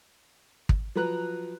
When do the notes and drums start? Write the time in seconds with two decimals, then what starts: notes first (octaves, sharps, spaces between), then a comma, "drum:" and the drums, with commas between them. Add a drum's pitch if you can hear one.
0.69 drum: kick
0.95 F3 F#3 B4 A#5 F#6